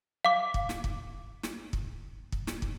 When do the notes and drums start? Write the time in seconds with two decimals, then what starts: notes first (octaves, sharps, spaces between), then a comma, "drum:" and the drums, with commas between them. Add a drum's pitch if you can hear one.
0.25 F5 D6
0.54 drum: kick
0.69 drum: snare
0.84 drum: kick
1.43 drum: snare
1.73 drum: kick
2.32 drum: kick
2.47 drum: snare
2.62 drum: kick